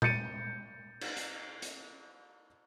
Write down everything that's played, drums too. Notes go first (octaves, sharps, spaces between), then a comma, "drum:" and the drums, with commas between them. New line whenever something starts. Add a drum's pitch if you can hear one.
G6 A6 C#7 D#7, drum: tom A#2
drum: cymbal
drum: hi-hat
drum: hi-hat